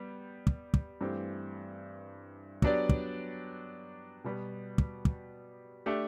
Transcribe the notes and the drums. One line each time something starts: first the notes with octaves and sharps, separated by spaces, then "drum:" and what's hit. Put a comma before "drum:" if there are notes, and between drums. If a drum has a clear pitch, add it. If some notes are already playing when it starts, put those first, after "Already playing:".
Already playing: G3 B3
drum: kick
drum: kick
G2 E3 A3 C4 G4
F#3 B3 D4 G4 D5, drum: kick
drum: kick
B2 G3 B3
drum: kick
drum: kick
A3 D4 G4